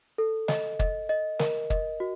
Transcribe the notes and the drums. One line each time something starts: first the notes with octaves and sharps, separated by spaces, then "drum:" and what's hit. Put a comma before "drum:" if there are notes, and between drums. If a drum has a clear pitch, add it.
A4
D#5, drum: snare
D#5, drum: kick
D#5
A#4, drum: snare
D#5, drum: kick
F#4